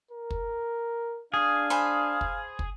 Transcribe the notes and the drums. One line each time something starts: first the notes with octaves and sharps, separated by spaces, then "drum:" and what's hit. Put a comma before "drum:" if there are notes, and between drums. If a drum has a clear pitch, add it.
A#4
drum: kick
D4 G#4 F5
C5 G#5 B5
drum: kick
drum: kick